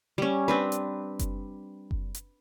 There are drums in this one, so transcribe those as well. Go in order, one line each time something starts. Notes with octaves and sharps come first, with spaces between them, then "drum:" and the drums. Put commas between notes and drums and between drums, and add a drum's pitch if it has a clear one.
G3 C#4
C4 D4 B4
drum: hi-hat
drum: kick F#1, hi-hat
drum: kick F#1
drum: hi-hat